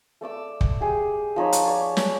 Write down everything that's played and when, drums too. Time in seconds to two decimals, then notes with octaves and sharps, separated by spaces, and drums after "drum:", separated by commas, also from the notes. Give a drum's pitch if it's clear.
0.21 A3 D5 D6 E6
0.61 drum: kick
0.81 G4 G#4
1.36 F3 D#4 C#5 B5
1.53 drum: hi-hat
1.65 C#5 D5
1.97 C#5, drum: snare